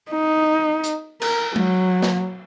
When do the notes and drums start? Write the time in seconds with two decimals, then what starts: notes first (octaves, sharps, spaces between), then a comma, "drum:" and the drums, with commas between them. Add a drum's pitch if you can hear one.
0.11 D#4
0.84 drum: hi-hat
1.22 A#4, drum: cymbal
1.56 F#3, drum: tom G#3
2.03 drum: snare